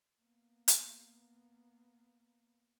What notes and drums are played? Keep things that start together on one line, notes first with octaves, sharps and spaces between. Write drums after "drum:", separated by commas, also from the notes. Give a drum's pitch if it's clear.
A#3 B3
drum: hi-hat